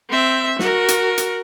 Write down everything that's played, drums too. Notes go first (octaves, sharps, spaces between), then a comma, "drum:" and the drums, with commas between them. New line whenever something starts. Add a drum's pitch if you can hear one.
C4 E5
F#4 A#4, drum: snare
drum: hi-hat
drum: hi-hat